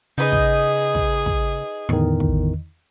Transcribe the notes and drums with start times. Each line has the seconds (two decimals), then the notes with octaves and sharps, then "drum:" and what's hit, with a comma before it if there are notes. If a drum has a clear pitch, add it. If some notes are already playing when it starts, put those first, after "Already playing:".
0.18 C#3 D#4 G#4 B4 D#5
0.32 drum: kick
0.95 drum: kick
1.26 drum: kick
1.89 E2 A2 D3 D#3, drum: rim click
2.20 drum: kick